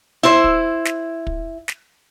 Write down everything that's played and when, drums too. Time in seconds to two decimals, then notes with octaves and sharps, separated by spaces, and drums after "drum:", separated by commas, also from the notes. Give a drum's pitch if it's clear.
0.23 E4 C5
0.44 drum: kick
0.85 drum: snare
1.27 drum: kick
1.68 drum: snare